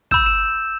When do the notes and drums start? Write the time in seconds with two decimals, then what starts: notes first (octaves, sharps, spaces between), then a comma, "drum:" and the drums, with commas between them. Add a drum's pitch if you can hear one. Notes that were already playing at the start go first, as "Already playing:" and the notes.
0.11 B5 E6 G6 E7, drum: kick
0.26 E7